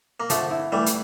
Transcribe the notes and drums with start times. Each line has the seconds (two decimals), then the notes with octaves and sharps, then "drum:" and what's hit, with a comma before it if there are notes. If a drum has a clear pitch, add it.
0.20 A#3
0.30 D3 F3 A3, drum: hi-hat
0.51 E4
0.72 E3 G3 A3
0.86 drum: hi-hat